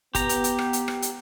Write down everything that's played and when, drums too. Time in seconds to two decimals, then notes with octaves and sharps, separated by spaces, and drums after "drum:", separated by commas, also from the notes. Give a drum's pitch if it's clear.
0.15 B3 G4 A#5, drum: kick, hi-hat
0.29 drum: hi-hat
0.44 drum: hi-hat
0.59 drum: rim click
0.73 drum: hi-hat
0.88 drum: rim click
1.02 drum: hi-hat